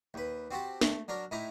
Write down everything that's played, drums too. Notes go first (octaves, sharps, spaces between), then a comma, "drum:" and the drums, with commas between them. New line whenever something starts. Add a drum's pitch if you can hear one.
D#2 B4
C4 F#4 G4 A5
A3, drum: snare
F#3 D4 A#4
A2 D#4 E4 A#5 D6